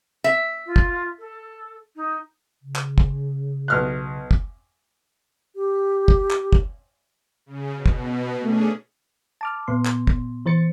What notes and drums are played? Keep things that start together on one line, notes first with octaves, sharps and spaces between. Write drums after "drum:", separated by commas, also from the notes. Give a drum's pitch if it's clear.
E5
F4
drum: kick
A4
D#4
C#3
drum: clap
drum: kick
B1 F6 F#6
drum: kick
G4
drum: kick
drum: clap
drum: kick
C#3
B2
drum: kick
A3 C#4 D4 G#4
A5 D6 F6
A#2 B3 C6
drum: clap
drum: kick
E3 C5 A6 C#7